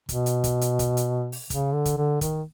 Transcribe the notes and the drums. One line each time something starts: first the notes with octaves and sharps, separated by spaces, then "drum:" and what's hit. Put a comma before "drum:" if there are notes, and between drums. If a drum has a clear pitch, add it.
B2, drum: kick, hi-hat
drum: hi-hat
drum: kick, hi-hat
drum: hi-hat
drum: kick, hi-hat
drum: hi-hat
drum: open hi-hat
C#3, drum: kick, hi-hat
D3
drum: kick, hi-hat
D3
D#3, drum: kick, hi-hat